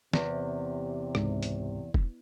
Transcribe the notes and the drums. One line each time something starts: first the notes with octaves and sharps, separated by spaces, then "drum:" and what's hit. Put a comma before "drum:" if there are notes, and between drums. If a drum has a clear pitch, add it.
E2 C3, drum: snare
C#2 G#2, drum: rim click
drum: hi-hat
drum: kick